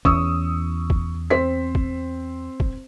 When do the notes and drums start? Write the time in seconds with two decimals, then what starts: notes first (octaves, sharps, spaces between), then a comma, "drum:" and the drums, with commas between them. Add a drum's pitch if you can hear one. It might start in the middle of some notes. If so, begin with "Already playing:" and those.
0.05 E2 C#4 C#6 D#6 E6, drum: kick
0.90 drum: kick
1.30 C4 C5 B6
1.75 drum: kick
2.60 drum: kick